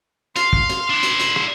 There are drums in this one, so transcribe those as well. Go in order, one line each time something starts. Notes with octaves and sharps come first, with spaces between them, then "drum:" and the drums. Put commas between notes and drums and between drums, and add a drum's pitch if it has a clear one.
F5 C6, drum: hi-hat
drum: kick
drum: hi-hat
D4 E4
drum: hi-hat
drum: hi-hat
drum: rim click